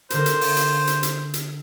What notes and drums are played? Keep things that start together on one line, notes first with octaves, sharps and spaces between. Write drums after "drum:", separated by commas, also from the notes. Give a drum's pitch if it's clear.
D3 A#4 C5, drum: hi-hat
drum: hi-hat
drum: open hi-hat
drum: hi-hat
drum: hi-hat
drum: hi-hat
drum: hi-hat